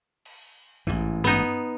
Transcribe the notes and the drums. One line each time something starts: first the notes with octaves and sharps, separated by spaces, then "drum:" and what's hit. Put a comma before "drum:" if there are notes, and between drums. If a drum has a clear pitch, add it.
drum: cymbal
A1 G#2 E3, drum: kick A#1
B3 D#4, drum: tom G2